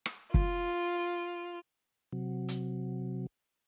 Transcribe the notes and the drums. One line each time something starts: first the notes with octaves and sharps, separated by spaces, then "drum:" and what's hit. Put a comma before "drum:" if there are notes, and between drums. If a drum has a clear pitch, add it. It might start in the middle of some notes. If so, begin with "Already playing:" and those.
drum: rim click
F4, drum: kick
C3 F#3
drum: hi-hat